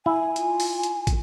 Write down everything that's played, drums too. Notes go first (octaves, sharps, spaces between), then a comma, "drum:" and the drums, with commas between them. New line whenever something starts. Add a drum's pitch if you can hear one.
E4 G#5
F4, drum: hi-hat
drum: open hi-hat
drum: hi-hat
drum: kick, hi-hat